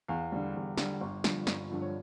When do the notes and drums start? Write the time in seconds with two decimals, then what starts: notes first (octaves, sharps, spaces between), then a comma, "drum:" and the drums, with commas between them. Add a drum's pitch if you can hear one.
0.08 E2 F5
0.32 D3 G3
0.55 E2
0.78 D3 G3, drum: snare
1.01 G1
1.24 G2 D3 F3, drum: snare
1.47 G1, drum: snare
1.70 G2 D3 F3
1.81 C#5